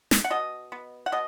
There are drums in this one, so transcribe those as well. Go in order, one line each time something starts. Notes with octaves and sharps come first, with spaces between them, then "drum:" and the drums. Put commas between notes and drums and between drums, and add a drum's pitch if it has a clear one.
drum: snare
F#5
B2 D#5
B3
F#5
B2 D#5